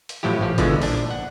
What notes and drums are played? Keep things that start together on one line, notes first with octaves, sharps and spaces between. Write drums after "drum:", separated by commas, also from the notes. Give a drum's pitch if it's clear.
drum: hi-hat
A2 F3 F#3 E4 G4
A1 F3 G4
B2 D3 E3 F3 G#3, drum: kick G1, hi-hat
A#1 D4, drum: open hi-hat
F#5